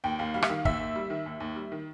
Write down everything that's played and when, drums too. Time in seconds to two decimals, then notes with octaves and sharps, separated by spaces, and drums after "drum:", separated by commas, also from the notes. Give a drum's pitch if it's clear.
0.04 D#2 G5
0.19 D#2 F5
0.34 G3 F5
0.42 E5, drum: rim click
0.49 D#3 F5
0.65 D#2 E5, drum: kick
0.80 D#2
0.96 G3
1.10 D#3
1.26 D#2
1.40 D#2
1.56 G3
1.72 D#3